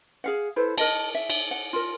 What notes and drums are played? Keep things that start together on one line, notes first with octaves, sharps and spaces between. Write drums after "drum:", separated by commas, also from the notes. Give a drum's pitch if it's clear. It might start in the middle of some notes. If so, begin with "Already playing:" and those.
G#4 F5 F#5
E4 A4 B4 C5
A#4 D#5 A5, drum: cymbal
E5
drum: cymbal
F#5
F4 A#4